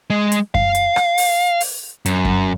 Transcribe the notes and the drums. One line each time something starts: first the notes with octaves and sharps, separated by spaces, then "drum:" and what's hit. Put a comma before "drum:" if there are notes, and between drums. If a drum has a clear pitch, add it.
G#3
drum: hi-hat
F5, drum: kick F#2
drum: hi-hat
drum: rim click
drum: open hi-hat
drum: open hi-hat
F#2, drum: hi-hat
drum: kick F#2